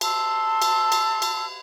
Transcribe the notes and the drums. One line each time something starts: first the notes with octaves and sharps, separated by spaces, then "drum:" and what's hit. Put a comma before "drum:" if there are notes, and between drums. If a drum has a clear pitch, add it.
A5 C6 E6, drum: cymbal
drum: cymbal
drum: cymbal
drum: cymbal